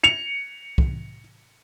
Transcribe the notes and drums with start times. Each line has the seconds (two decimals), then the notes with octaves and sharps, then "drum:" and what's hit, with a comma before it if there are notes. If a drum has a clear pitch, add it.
0.03 C#7 F7
0.78 drum: kick